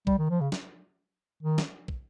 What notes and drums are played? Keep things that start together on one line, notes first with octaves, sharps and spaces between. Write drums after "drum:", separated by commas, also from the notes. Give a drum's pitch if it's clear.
G3, drum: kick
D#3
F3
C#3
drum: snare
D#3
drum: snare
drum: kick